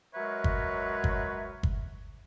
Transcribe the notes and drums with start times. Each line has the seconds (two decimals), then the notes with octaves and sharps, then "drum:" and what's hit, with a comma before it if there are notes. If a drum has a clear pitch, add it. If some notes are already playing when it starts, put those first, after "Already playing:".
0.14 F#3 G#3 A#4 B4 C#5 E5
0.44 drum: kick G1
1.04 drum: kick G1
1.63 drum: kick G1